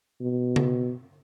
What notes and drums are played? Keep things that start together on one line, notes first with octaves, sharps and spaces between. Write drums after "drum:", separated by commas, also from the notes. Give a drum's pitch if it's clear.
B2
drum: tom C#3